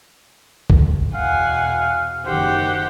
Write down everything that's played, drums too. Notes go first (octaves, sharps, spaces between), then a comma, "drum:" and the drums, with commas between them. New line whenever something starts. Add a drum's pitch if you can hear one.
drum: kick C2
E2 B2 F5 F#5 G#5
F#1 D#3 G4 C5 F#5